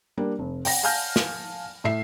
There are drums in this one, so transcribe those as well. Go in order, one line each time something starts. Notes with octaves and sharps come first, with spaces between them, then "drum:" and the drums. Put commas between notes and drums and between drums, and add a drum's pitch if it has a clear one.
G3 A#3 D4
F1
G5 A#6, drum: open hi-hat
F5 G#5 A5 F6 G6
drum: snare
A2 E5 C7